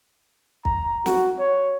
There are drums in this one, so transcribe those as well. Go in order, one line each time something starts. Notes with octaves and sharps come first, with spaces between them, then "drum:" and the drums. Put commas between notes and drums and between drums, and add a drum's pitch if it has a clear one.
A#5, drum: kick
F#4, drum: snare
C#5